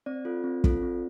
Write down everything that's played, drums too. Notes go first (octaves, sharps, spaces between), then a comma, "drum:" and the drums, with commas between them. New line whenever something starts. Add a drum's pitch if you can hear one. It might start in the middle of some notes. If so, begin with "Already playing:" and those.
C4 D5
F4 A4
C4
F4 A4, drum: kick
C4